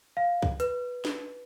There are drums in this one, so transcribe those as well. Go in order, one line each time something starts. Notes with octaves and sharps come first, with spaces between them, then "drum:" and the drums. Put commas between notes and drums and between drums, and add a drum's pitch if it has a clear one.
F5
drum: kick
B4, drum: hi-hat
drum: snare